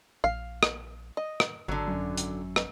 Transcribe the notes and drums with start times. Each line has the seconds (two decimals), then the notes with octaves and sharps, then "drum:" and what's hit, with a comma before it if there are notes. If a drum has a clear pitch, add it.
0.24 A#1 F5
0.63 drum: rim click
1.17 D#5
1.40 drum: rim click
1.68 G#1 D3 F#3 E6
1.87 F#2
2.18 drum: hi-hat
2.56 drum: rim click